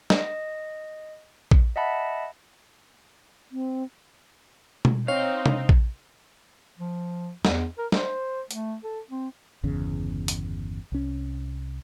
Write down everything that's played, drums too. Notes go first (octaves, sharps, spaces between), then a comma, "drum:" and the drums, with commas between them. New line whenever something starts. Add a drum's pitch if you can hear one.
D#5, drum: snare
drum: kick A#1
D#5 E5 F#5 A5 B5
C4
drum: tom B2
C4 D#4 C#5 F5
drum: tom
drum: kick A#1
F3
E2, drum: snare
A#4
C5, drum: snare
A3, drum: hi-hat
A4
C4
G1 E2 C#3
drum: hi-hat
C2 C#4